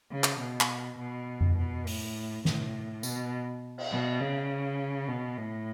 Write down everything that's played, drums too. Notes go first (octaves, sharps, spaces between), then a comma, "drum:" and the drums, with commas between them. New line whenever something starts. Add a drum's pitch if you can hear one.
C#3
drum: clap
B2
drum: clap
B2
drum: tom
B2
A2, drum: open hi-hat
A2, drum: snare
B2, drum: tambourine
drum: cymbal
B2
C#3
B2
A2